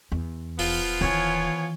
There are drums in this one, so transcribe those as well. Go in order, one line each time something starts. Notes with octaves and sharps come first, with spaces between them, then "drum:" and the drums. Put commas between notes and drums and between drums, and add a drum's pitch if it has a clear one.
E2
D#1 F3 B3 F4, drum: open hi-hat
D#3 E3 C#5 G#5